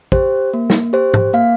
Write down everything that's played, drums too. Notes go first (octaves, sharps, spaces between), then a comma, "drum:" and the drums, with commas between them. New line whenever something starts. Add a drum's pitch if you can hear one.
G4 C5, drum: kick
A#3
drum: snare
G4 C5
drum: tom
A#3 F5